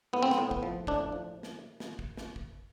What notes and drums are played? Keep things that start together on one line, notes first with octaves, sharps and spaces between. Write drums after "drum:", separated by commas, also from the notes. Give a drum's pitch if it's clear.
A2 B3
C4
B3, drum: snare
A2
B3, drum: kick
F3
A2 D4, drum: kick
F3
drum: snare
drum: snare
drum: kick
drum: snare
drum: kick